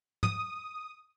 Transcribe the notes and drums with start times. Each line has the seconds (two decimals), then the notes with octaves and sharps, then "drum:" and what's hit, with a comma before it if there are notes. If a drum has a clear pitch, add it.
0.23 D#6, drum: tom